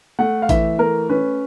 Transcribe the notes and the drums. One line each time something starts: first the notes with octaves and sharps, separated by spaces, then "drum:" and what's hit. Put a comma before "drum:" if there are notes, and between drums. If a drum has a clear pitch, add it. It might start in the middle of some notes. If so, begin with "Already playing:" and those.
A3 F#5
F5
E3 E5, drum: kick A1, hi-hat
A3 A#4
C#4 B4